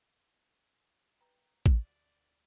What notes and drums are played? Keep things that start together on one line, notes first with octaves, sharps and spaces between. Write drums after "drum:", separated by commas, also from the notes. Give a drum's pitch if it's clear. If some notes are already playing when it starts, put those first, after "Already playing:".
B4 G5 A#5
D2 F#4 D5, drum: kick